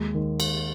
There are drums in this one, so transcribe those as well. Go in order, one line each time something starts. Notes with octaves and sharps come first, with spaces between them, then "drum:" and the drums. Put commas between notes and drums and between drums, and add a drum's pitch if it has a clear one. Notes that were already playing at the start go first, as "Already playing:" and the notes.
Already playing: D#2 G#3
D#3
drum: cymbal